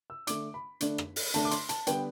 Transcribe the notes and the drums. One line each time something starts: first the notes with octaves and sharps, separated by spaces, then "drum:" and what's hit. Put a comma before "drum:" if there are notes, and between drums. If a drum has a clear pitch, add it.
E6
D3 A3 D4 D6, drum: hi-hat
B5
D3 A3 D4, drum: hi-hat
drum: rim click
drum: open hi-hat
D3 A3 D4 A5, drum: hi-hat
D6
C6, drum: hi-hat
A5, drum: hi-hat
D3 G3 B3 D4 G5, drum: hi-hat